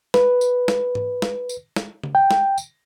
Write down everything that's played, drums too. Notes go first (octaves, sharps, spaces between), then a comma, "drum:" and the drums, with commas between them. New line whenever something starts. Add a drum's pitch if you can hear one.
B4, drum: snare
drum: tambourine
drum: snare
drum: tom G#2
drum: snare
drum: tambourine
drum: snare
drum: tom C#3
G5
drum: snare
drum: tambourine